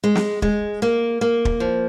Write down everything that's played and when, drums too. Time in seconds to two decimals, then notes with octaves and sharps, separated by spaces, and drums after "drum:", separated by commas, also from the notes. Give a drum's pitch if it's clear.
0.04 G#3
0.15 drum: snare
0.42 G#3, drum: kick
0.82 A#3
1.21 A#3
1.45 drum: kick
1.60 F3